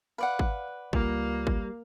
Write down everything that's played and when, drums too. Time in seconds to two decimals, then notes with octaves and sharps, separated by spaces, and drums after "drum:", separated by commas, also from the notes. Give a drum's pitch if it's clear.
0.18 B4 D5 F5 F#5
0.39 drum: kick G#1
0.93 C#2 G3 A#3 F4, drum: kick G#1
1.47 drum: kick G#1